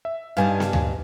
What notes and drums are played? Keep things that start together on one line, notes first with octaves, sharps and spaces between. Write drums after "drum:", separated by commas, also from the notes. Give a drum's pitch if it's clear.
E5
G2 D4 D#4 F5 G#5
drum: snare B3
drum: tom D2